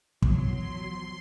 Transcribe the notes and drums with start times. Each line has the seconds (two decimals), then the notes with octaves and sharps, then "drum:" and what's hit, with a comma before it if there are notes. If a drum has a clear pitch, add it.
0.22 E3 F#3 B3 C6, drum: kick